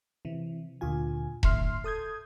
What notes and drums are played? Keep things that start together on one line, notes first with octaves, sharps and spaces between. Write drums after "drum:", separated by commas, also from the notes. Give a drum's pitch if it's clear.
C3 E3
D2 A#2 F4 G#5
D2 A2 E5 C6 F6 C7, drum: kick E1
A4 D#6 G6 G#6